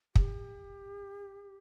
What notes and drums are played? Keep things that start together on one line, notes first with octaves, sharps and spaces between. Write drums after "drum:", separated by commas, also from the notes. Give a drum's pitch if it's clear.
G4, drum: kick